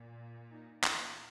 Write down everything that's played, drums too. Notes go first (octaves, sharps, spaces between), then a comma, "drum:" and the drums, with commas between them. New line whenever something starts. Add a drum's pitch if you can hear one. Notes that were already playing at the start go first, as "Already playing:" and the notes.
Already playing: A#2
D#4
F4, drum: clap